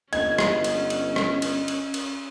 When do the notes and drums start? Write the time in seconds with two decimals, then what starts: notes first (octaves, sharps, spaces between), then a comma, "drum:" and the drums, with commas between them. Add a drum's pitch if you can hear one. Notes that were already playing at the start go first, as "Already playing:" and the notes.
0.13 G1 C#4 D#5 G#6, drum: cymbal
0.38 drum: rim click
0.64 drum: cymbal
0.90 drum: cymbal
1.16 drum: rim click
1.42 drum: cymbal
1.68 drum: cymbal
1.94 drum: cymbal